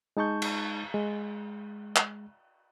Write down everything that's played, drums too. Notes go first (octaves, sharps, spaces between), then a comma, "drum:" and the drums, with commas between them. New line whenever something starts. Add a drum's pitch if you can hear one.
G#3 D#4 A5 C#6 G6
drum: cymbal
G#3
drum: clap